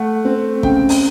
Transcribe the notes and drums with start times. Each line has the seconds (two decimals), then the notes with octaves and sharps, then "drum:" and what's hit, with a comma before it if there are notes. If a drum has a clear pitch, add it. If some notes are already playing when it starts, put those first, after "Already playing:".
Already playing: A3 F#5
0.25 C4
0.63 C#3 G5, drum: kick
0.89 drum: open hi-hat